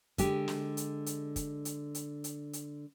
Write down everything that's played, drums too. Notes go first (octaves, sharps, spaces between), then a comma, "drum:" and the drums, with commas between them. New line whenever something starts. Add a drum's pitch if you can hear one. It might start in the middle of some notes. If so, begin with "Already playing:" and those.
D3 G#3 G4, drum: kick, hi-hat
drum: snare
drum: hi-hat
drum: hi-hat
drum: kick, hi-hat
drum: hi-hat
drum: hi-hat
drum: hi-hat
drum: hi-hat